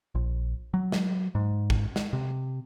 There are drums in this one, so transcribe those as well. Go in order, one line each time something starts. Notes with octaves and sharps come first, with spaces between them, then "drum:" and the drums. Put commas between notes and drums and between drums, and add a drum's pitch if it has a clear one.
A#1
F#3
drum: snare
G#2
drum: kick
drum: snare
C3